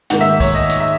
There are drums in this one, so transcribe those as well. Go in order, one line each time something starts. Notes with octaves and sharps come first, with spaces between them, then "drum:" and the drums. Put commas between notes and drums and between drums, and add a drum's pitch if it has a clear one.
G#2 D#3 A#3 F#5, drum: hi-hat
E5
C#5, drum: kick, open hi-hat
D#5
drum: hi-hat
E5